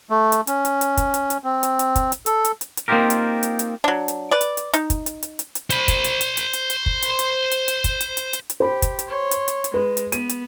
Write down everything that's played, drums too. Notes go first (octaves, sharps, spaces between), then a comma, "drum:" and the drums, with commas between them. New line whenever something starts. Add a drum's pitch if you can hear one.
A3
drum: hi-hat
C#4, drum: hi-hat
drum: hi-hat
drum: hi-hat
drum: kick, hi-hat
drum: hi-hat
drum: hi-hat
C4
drum: hi-hat
drum: hi-hat
drum: kick, hi-hat
drum: hi-hat
A4, drum: hi-hat
drum: hi-hat
drum: hi-hat
drum: hi-hat
A#3 C4 D#4 F4 G4 A#4
drum: hi-hat
drum: hi-hat
drum: hi-hat
F#3 D4
drum: hi-hat
B4 D5
drum: hi-hat
drum: hi-hat
D#4, drum: hi-hat
drum: kick, hi-hat
drum: hi-hat
drum: hi-hat
drum: hi-hat
drum: hi-hat
C5 B5, drum: hi-hat
drum: kick, hi-hat
drum: hi-hat
drum: hi-hat
drum: hi-hat
drum: hi-hat
drum: hi-hat
drum: kick
drum: hi-hat
drum: hi-hat
drum: hi-hat
drum: hi-hat
drum: kick, hi-hat
drum: hi-hat
drum: hi-hat
drum: hi-hat
drum: hi-hat
G4 C5 B5
drum: kick, hi-hat
drum: hi-hat
C#5 C6
drum: hi-hat
drum: hi-hat
drum: hi-hat
G#3 B4
drum: hi-hat
B3 D#7, drum: hi-hat
drum: hi-hat